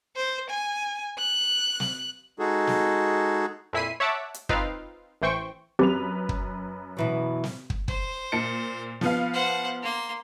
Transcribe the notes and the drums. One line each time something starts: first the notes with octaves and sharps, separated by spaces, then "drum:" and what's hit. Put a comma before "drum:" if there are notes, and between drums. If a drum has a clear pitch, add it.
C5
G#5
F#6
drum: snare
G#3 D#4 F#4 G#4 A4
drum: snare
F2 A#2 E4 B6 C7 D#7
C#5 E5 F#5 A5 D6 E6
drum: hi-hat
C4 D#4 F4 B4 F5, drum: kick
A1 E3 C5 G5 C#6
F#2 C4 G4 B4 F7
drum: kick
B2 E3 F#3
drum: snare
drum: kick
C5, drum: kick
A#2 C#7
F3 B3 F5, drum: snare
C5 F#5
A#3 C6